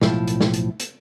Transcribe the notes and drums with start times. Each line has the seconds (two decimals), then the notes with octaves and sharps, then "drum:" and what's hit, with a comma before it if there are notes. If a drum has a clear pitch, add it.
0.01 B1 A2 F3 E4, drum: snare
0.28 drum: hi-hat
0.41 drum: snare
0.54 drum: hi-hat
0.80 drum: hi-hat